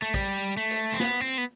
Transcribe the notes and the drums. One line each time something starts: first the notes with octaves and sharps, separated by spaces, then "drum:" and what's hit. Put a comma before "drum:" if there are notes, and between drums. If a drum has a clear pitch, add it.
A3
G3, drum: kick, hi-hat
A3
drum: hi-hat
C4
B3, drum: snare
C4
B3